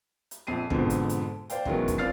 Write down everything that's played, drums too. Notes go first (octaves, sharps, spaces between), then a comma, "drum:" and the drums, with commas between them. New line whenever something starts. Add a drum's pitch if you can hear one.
drum: hi-hat
A#1 F2 C7 D#7
F2 G#2 B2 D3, drum: kick
drum: hi-hat
drum: hi-hat
C5 D5 F5 G5, drum: hi-hat
B2 D#3 E3 F#3 G#3 C#4, drum: kick
drum: kick, hi-hat
C4 F4 D5 F6 A6 C7